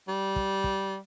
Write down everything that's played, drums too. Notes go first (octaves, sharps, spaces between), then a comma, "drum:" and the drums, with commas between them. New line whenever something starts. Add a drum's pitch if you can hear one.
G3
drum: kick
drum: kick